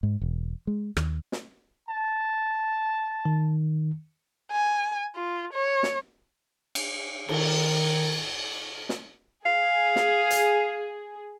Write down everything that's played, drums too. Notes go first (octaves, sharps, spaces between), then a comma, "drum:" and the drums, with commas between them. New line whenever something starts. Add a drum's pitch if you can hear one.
G#2
E1
G#3
D#2, drum: rim click
drum: snare
A5
D#3
G#5
F4
C#5
drum: snare
drum: cymbal
D#3, drum: cymbal
drum: snare
G#4 F5
drum: snare
drum: hi-hat